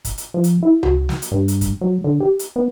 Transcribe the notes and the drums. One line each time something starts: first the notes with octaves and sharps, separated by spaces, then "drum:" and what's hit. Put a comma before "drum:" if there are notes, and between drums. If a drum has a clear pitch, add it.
drum: kick, hi-hat
drum: hi-hat
F3
drum: hi-hat
E4
F#4, drum: tom C#2
drum: snare
drum: hi-hat
G2
drum: hi-hat
drum: kick, hi-hat
F#3
D3
G4
drum: hi-hat
B3